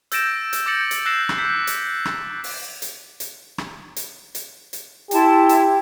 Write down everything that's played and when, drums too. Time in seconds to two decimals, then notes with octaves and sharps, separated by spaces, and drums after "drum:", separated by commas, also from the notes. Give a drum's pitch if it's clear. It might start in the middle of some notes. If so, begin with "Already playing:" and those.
0.12 E6 G6 A6 A#6 D7 E7, drum: hi-hat
0.53 drum: hi-hat
0.66 D6 G6 A6 A#6 C#7 F#7
0.91 drum: hi-hat
1.05 E6 F#6 G6 A#6 C7 E7
1.29 drum: rim click
1.38 G6 B6
1.67 drum: hi-hat
2.05 drum: rim click
2.44 drum: open hi-hat
2.82 drum: hi-hat
3.20 drum: hi-hat
3.58 drum: rim click
3.96 drum: hi-hat
4.35 drum: hi-hat
4.73 drum: hi-hat
5.11 E4 G4 A5 C6, drum: hi-hat
5.49 drum: hi-hat